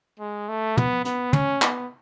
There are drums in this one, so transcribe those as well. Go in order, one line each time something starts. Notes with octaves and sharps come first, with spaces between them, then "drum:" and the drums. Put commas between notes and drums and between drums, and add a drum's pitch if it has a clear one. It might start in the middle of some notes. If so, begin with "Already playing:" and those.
G#3
A3
B3, drum: tom
B3, drum: hi-hat
C#4, drum: tom
B3, drum: clap